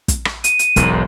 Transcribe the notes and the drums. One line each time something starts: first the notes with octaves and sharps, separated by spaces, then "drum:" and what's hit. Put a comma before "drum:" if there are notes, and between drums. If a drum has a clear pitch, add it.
drum: kick, hi-hat
drum: rim click
D#7, drum: hi-hat
drum: hi-hat
E1 B1 G#2, drum: kick, hi-hat